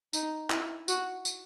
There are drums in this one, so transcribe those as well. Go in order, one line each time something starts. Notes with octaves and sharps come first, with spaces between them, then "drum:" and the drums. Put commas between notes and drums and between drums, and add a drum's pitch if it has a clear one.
D#4, drum: tambourine
E4, drum: clap
F#4, drum: tambourine
drum: tambourine